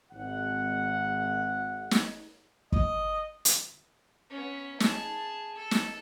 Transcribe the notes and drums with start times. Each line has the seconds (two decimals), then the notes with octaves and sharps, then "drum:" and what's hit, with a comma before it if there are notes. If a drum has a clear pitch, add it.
0.12 G#1 F#5
1.91 drum: snare
2.72 D#5, drum: kick
3.45 drum: hi-hat
4.30 B3 C#4
4.80 G#4 A5, drum: snare
5.55 A4
5.71 drum: snare